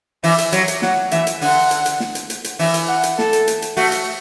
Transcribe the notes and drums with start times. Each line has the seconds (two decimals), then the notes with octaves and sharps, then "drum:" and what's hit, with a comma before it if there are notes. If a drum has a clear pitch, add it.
0.24 E3 E5, drum: open hi-hat
0.38 drum: hi-hat
0.52 F#3, drum: hi-hat
0.68 drum: hi-hat
0.82 F#3 F#5, drum: snare
1.11 E3 E5, drum: hi-hat
1.27 drum: hi-hat
1.41 D3 F#5, drum: open hi-hat
1.71 drum: hi-hat
1.86 drum: hi-hat
2.00 drum: snare
2.15 drum: hi-hat
2.30 drum: hi-hat
2.44 drum: hi-hat
2.59 E3 E5, drum: open hi-hat
2.74 drum: hi-hat
2.88 F#5
3.03 drum: hi-hat
3.19 A4, drum: snare
3.33 drum: hi-hat
3.48 drum: hi-hat
3.62 drum: hi-hat
3.77 A3 F#4, drum: open hi-hat
3.92 drum: hi-hat